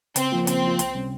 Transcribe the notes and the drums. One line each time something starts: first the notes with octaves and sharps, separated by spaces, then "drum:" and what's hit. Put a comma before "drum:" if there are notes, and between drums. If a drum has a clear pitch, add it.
C#3 C4, drum: hi-hat
F3 A#3 F4
C#3 C4, drum: hi-hat
F3 A#3 F4
C#2, drum: hi-hat
C3 G3 C#4